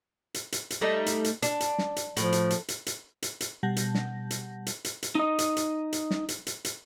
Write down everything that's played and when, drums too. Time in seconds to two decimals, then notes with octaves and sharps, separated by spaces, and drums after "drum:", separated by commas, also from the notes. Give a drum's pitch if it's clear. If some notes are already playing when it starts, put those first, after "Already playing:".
0.34 drum: hi-hat
0.52 drum: hi-hat
0.70 drum: hi-hat
0.81 G3 A3 D#4
1.06 drum: hi-hat
1.24 drum: hi-hat
1.42 D4, drum: hi-hat
1.60 drum: hi-hat
1.78 drum: snare
1.96 drum: hi-hat
2.17 A2 F3, drum: hi-hat
2.32 drum: hi-hat
2.50 drum: hi-hat
2.68 drum: hi-hat
2.86 drum: hi-hat
3.22 drum: hi-hat
3.40 drum: hi-hat
3.63 B2 G3 F#5 A5 G6 A#6
3.76 drum: hi-hat
3.94 drum: snare
4.30 drum: hi-hat
4.67 drum: hi-hat
4.85 drum: hi-hat
5.03 drum: hi-hat
5.15 D#4 D#5
5.39 drum: hi-hat
5.57 drum: hi-hat
5.93 drum: hi-hat
6.11 drum: snare
6.29 drum: hi-hat
6.47 drum: hi-hat
6.65 drum: hi-hat